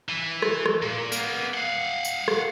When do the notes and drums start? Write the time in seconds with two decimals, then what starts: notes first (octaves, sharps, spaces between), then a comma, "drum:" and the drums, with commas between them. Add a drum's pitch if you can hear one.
0.09 E3
0.42 drum: rim click
0.66 drum: rim click
0.82 A#2
1.12 A#3 B3, drum: tambourine
1.54 F5 F#5
2.05 drum: tambourine
2.28 drum: rim click